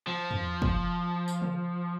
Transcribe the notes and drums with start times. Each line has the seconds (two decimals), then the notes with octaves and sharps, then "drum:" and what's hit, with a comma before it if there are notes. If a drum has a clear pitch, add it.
0.07 F3
0.31 drum: tom E2
0.62 drum: kick
1.28 drum: tambourine
1.42 drum: tom C#3